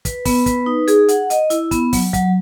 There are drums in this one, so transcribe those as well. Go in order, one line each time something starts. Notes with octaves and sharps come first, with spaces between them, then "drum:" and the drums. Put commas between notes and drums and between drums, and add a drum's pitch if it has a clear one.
B4, drum: kick, hi-hat
B3, drum: kick, open hi-hat
B4, drum: kick, hi-hat
D#4
G#4, drum: hi-hat
F#5, drum: hi-hat
D#5, drum: hi-hat
E4, drum: hi-hat
B3, drum: kick, hi-hat
F#3, drum: kick, open hi-hat
F#3, drum: kick, hi-hat